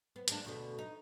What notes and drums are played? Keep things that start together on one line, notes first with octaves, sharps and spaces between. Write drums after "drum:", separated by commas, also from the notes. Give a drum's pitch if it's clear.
B3
G#3 A#3 D4, drum: hi-hat
D2 B2 A3
D#4